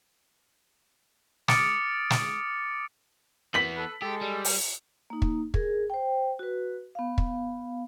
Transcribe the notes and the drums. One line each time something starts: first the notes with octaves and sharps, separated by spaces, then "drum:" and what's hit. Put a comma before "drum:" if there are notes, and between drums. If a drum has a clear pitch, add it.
D6 D#6 F6 A6 C#7 D7, drum: snare
drum: snare
E3 B3 B6 F#7
A4 B4
G#3 G4 A4
G3
drum: open hi-hat
A#3 D#4
drum: kick
G#4 A#4, drum: kick
C5 G5
F#4 B4
B3 F5
drum: kick